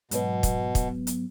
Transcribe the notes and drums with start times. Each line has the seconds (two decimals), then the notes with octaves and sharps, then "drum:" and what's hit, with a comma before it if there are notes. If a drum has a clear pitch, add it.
0.11 G#2 B2 F#3 B3, drum: hi-hat
0.43 drum: kick, hi-hat
0.75 drum: kick, hi-hat
1.07 drum: hi-hat